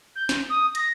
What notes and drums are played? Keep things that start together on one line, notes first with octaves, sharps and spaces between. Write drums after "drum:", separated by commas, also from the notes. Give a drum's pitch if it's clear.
G6
drum: snare
D#6
A#6, drum: hi-hat